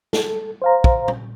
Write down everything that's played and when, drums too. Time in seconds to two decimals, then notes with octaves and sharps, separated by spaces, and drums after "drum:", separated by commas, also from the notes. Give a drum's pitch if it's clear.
0.13 A4, drum: snare
0.62 C5 F5 A#5
0.84 drum: kick
1.08 drum: tom